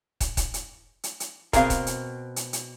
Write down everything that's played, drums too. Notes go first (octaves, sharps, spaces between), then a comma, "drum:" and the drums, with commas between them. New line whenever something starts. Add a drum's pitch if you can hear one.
drum: kick, hi-hat
drum: kick, hi-hat
drum: hi-hat
drum: hi-hat
drum: hi-hat
B2 C4 G#4 A#4 F5, drum: kick, hi-hat
drum: kick, hi-hat
drum: hi-hat
drum: hi-hat
drum: hi-hat